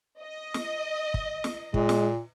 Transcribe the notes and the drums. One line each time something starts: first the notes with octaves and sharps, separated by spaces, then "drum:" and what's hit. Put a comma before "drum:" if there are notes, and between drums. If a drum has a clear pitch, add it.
D#5
drum: snare
drum: kick
drum: snare
A#2 G#3, drum: kick
drum: snare